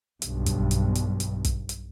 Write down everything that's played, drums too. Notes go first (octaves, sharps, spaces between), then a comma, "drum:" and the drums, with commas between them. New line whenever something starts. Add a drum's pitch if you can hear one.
B1 G2, drum: hi-hat
drum: kick, hi-hat
drum: hi-hat
drum: hi-hat
drum: hi-hat
drum: kick, hi-hat
drum: hi-hat